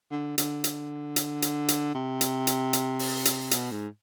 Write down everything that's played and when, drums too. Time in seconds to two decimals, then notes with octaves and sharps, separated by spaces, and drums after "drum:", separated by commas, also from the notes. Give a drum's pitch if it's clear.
0.11 D3
0.38 D3, drum: hi-hat
0.64 drum: hi-hat
1.16 drum: hi-hat
1.42 drum: hi-hat
1.68 drum: hi-hat
1.94 C3
2.21 drum: hi-hat
2.47 drum: hi-hat
2.73 drum: hi-hat
2.99 drum: open hi-hat
3.25 drum: hi-hat
3.51 B2, drum: hi-hat
3.71 G#2